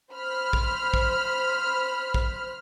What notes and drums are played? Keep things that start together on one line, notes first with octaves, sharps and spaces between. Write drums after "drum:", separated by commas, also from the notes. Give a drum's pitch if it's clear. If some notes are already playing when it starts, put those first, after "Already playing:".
C5 B5 F6
drum: kick
drum: kick
drum: kick